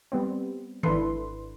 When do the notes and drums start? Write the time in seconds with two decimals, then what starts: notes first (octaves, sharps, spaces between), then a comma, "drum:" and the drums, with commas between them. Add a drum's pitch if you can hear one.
0.12 G3 B3 C4
0.83 G#1 D4 E4 A4 B4 C6, drum: tom D#3